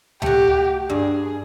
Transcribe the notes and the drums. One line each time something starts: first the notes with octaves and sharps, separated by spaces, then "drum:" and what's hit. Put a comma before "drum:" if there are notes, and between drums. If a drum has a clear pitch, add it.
A3 F#4 G4, drum: tom C#2
G2 G#4